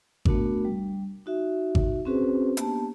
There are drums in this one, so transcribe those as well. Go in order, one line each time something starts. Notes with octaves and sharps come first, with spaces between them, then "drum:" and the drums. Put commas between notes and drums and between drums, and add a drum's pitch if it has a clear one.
A3 B3 D4 F#4 A#4, drum: kick G#1
G3
D#4 F#4 E5
drum: kick G#1
C4 C#4 F#4 G#4 B4 C5
A#3 B3 D4 G4 A5, drum: hi-hat